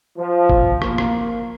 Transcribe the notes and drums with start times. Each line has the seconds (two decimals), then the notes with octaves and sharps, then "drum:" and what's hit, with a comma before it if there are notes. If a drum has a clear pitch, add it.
0.17 F3
0.49 drum: kick G1
0.82 A#3, drum: rim click
0.98 drum: rim click